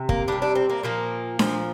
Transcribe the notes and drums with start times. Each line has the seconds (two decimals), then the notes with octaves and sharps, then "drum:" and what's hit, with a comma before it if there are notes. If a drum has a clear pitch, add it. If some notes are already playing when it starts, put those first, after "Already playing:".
Already playing: C3
0.09 A#3, drum: kick
0.28 C3 G3 D4
0.42 D4
0.55 C4
0.70 A#3
0.83 A#2 F3 A#3
1.39 A#2 F3, drum: snare D4